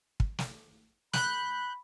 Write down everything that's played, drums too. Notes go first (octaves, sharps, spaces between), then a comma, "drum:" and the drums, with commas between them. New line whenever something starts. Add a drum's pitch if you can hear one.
drum: kick
drum: snare
B5 F#6 G6, drum: snare